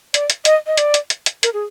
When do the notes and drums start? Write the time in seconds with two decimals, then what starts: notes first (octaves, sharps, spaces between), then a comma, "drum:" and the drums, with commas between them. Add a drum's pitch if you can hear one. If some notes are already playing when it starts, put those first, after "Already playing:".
0.14 D5, drum: hi-hat
0.30 drum: hi-hat
0.45 D#5, drum: hi-hat
0.67 D#5
0.77 D5, drum: hi-hat
0.94 drum: hi-hat
1.10 drum: hi-hat
1.26 drum: hi-hat
1.43 A#4, drum: hi-hat
1.53 G#4